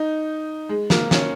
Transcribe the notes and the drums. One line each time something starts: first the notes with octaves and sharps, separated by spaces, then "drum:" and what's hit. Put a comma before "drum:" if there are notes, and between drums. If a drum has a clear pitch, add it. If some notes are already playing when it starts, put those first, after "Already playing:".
Already playing: D#4
G#3
A#3, drum: snare
C#4, drum: snare